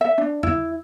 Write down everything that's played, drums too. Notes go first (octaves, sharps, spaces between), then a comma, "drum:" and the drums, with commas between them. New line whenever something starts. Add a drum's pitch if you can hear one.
E5
D4
E4, drum: tom E2